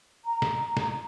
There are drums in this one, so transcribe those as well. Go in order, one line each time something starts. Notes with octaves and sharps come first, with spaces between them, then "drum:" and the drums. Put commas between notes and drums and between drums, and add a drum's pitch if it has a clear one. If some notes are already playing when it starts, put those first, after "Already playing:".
A#5
drum: snare
drum: snare